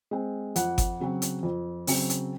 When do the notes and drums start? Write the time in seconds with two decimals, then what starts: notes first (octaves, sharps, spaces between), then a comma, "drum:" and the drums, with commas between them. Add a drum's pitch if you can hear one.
0.11 G#3 C4
0.56 F2 F#5, drum: hi-hat
0.78 drum: kick G1, hi-hat
1.00 C#3 F#3 C4
1.22 drum: hi-hat
1.43 F2
1.87 C#3 F#3 C4, drum: open hi-hat
2.10 drum: hi-hat